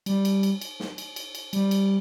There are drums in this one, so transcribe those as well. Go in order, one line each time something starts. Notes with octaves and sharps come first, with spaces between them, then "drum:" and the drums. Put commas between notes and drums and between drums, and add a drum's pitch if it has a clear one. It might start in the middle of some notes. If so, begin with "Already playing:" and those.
G3, drum: cymbal
drum: cymbal
drum: cymbal
drum: cymbal
drum: snare
drum: cymbal
drum: cymbal
drum: cymbal
G3, drum: cymbal
drum: cymbal